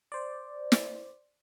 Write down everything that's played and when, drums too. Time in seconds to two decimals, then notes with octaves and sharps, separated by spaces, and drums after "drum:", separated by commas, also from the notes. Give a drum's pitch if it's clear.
0.12 C5 D5
0.72 drum: snare